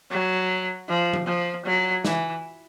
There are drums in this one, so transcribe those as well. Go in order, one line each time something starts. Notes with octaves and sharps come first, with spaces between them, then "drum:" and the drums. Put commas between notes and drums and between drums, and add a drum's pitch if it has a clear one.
F#3
F3
drum: tom F3
F3
F#3
E3, drum: snare